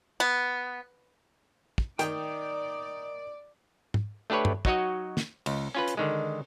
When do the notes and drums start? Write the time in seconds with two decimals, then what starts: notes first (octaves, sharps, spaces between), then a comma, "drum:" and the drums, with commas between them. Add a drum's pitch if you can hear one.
0.20 B3
1.78 drum: kick
1.99 D#3 D#4 D5 G5, drum: hi-hat
3.94 drum: tom
4.30 A3 D4 G4 B4 C#5
4.45 drum: tom
4.65 F#3 D#4 F#4 C#5 D#5, drum: kick
5.17 drum: snare
5.46 C#2, drum: cymbal
5.75 C#4 F4 B4
5.88 drum: hi-hat
5.97 D3 D#3 G#3